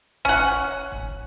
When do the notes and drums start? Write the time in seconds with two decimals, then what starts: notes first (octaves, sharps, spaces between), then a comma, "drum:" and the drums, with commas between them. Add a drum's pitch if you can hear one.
0.25 C#4 F#5, drum: kick
0.92 drum: kick